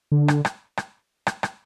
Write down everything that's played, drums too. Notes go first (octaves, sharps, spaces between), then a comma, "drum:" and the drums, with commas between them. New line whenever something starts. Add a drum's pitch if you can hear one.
D3
drum: rim click
drum: rim click
drum: rim click
drum: rim click
drum: rim click